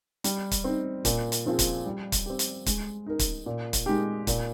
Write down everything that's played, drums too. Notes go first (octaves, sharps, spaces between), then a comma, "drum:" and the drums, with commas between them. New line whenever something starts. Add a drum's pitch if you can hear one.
G3, drum: hi-hat
drum: kick, hi-hat
C4 D#4
A#2, drum: kick, hi-hat
drum: hi-hat
F3 C4 F4 G#4
drum: kick, hi-hat
G3
drum: kick, hi-hat
C4 G4
drum: hi-hat
G#3, drum: kick, hi-hat
D#4 A#4
drum: kick, hi-hat
A#2
drum: kick, hi-hat
G#3 D#4 G4
A#2, drum: kick, hi-hat